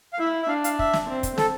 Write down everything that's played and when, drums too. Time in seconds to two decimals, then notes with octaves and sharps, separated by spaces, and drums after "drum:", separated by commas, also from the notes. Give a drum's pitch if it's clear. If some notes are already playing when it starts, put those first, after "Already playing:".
0.13 F5
0.19 E4 E5
0.43 E5
0.49 D4 F5
0.64 F5, drum: hi-hat
0.79 E5, drum: kick
0.93 drum: snare
1.08 C4
1.23 drum: kick, hi-hat
1.38 A4, drum: snare